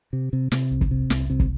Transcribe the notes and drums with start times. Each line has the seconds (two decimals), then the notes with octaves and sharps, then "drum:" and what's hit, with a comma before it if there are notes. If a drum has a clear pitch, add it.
0.13 C3
0.33 C3
0.52 C3, drum: snare
0.71 C2
0.81 drum: kick
0.91 C3
1.10 C2, drum: snare
1.30 C3
1.40 drum: kick